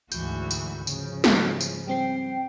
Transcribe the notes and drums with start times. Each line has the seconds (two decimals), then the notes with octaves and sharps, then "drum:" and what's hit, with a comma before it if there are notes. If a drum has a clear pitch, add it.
0.12 D2 G#2 E3 F#4 G6, drum: tambourine
0.51 drum: tambourine
0.87 G#2 C#3 F3, drum: tambourine
1.24 drum: snare
1.61 drum: tambourine
1.88 G3 C4 G5 C7